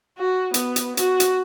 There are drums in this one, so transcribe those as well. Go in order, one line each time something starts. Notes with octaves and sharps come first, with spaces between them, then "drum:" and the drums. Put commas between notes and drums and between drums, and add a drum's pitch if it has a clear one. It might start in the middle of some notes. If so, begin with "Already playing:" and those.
F#4
B3, drum: hi-hat
drum: hi-hat
F#4, drum: hi-hat
drum: hi-hat